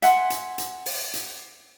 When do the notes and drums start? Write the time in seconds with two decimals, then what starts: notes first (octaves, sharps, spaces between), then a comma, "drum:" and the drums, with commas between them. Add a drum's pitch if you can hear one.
0.02 E5 F#5 G#5 C6, drum: hi-hat
0.30 drum: hi-hat
0.58 drum: hi-hat
0.86 drum: open hi-hat
1.14 drum: hi-hat